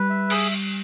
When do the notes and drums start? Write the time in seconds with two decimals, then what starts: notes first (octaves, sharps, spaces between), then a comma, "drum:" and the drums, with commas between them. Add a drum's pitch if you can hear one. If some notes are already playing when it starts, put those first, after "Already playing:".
Already playing: G3 B4
0.10 E5
0.30 G#4, drum: cymbal